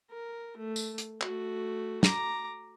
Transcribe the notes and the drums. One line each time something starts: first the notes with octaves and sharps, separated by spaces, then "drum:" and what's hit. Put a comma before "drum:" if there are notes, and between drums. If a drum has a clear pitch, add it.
A#4
A3
drum: tambourine
drum: hi-hat
A3 F#4, drum: clap
A#5 D6, drum: snare